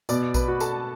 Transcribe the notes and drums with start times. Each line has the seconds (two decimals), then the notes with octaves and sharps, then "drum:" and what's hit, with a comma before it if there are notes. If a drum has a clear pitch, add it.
0.09 B2 D5 D6, drum: tambourine
0.34 B4 B5, drum: kick A#1, tambourine
0.48 F#4
0.60 A4 A5, drum: tambourine